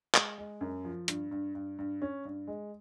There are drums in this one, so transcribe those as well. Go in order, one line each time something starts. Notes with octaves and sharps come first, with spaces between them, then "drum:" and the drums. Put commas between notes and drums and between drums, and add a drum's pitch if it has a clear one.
G#3, drum: clap
G#3
F#2
F3
G2, drum: hi-hat
G2
G2
G2
C#4
G2
G#3